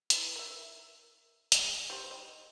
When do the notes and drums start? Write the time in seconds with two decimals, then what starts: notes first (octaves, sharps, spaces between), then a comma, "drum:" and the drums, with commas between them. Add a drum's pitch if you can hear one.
0.10 E3, drum: hi-hat
0.36 A#4 E5
1.52 G#3, drum: hi-hat
1.90 G3 G4 C5
2.11 D#5